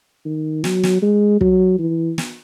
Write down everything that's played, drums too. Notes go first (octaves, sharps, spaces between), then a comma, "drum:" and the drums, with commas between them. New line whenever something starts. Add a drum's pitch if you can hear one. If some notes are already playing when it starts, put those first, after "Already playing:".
D#3
F#3, drum: snare
drum: snare
G#3
F#3, drum: kick
E3
drum: snare